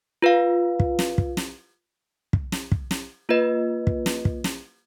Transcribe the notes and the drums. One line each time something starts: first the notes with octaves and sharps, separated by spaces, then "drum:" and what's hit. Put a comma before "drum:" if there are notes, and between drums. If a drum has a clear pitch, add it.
F4 B4 F5
drum: kick
drum: snare
drum: kick
drum: snare
drum: kick
drum: snare
drum: kick
drum: snare
A#3 F4 B4 D#5
drum: kick
drum: snare
drum: kick
drum: snare